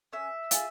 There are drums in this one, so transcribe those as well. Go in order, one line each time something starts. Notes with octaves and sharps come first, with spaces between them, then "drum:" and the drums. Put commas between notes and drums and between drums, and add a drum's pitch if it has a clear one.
C#4 E5
F4 G#4, drum: hi-hat